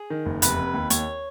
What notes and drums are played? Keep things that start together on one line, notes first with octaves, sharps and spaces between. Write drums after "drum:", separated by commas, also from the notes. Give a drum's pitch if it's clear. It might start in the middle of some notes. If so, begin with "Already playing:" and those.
Already playing: G#4
D#3
F#1
F1 B4, drum: hi-hat
F1
D#2
D#2 C#5, drum: hi-hat